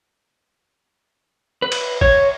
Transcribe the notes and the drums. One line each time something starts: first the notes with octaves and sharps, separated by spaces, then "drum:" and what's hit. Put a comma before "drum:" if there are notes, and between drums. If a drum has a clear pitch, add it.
B4
drum: cymbal
C#5, drum: kick G#1